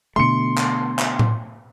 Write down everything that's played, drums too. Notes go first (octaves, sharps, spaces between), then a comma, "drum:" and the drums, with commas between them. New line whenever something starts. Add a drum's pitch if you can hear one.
B2 D3 A3 C6 C#7
drum: clap
drum: clap
drum: tom A2